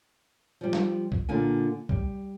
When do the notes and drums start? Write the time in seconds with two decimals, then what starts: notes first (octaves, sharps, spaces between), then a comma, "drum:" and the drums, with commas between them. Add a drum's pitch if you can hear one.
0.61 F3 G3
0.73 drum: snare
1.12 drum: kick B1
1.29 A#2 D3 A#3 G#5
1.89 G3, drum: kick B1